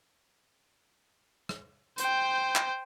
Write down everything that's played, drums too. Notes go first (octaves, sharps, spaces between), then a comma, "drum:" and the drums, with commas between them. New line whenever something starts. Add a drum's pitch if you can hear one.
drum: rim click
C5 G5, drum: hi-hat
drum: clap